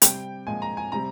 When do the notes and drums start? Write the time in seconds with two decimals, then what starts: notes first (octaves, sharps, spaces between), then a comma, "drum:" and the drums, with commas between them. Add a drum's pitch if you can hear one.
0.02 C3 G3 G5, drum: hi-hat
0.47 A#2 F3 G#3 G#5
0.62 A#5
0.77 G#5
0.92 C3 G3 A#5